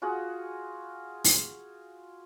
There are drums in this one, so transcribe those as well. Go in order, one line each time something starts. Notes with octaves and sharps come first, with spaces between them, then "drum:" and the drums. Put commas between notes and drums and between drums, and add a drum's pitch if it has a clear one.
F4 F#4 G#4 F#5
drum: open hi-hat